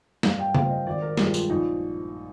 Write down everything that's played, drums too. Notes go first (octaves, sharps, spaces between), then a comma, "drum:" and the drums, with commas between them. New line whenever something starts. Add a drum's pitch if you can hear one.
G2 F5, drum: snare
G5
F3 C4 F5, drum: tom C#3
D#5
G#1 D5
A#4
G2 F3 G#3 G4, drum: snare
F4, drum: tambourine
A#1 D#4